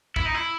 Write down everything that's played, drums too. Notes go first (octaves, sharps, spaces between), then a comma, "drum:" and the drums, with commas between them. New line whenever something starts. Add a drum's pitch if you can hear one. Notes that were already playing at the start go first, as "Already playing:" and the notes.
E4, drum: kick
D#4
E4